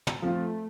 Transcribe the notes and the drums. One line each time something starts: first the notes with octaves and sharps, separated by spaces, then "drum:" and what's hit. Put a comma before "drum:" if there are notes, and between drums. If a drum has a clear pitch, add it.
drum: tom
F3 A3 C4 F4